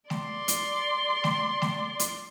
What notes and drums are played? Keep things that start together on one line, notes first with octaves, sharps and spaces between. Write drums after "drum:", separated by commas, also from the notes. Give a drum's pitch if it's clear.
D5 C6, drum: snare A3
drum: hi-hat
drum: snare A3
drum: snare A3
drum: hi-hat